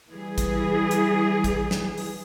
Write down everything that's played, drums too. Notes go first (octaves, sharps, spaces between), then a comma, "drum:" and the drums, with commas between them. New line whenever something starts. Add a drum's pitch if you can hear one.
E3 G3 G#4
drum: kick, hi-hat
drum: hi-hat
drum: kick, hi-hat
drum: snare
drum: open hi-hat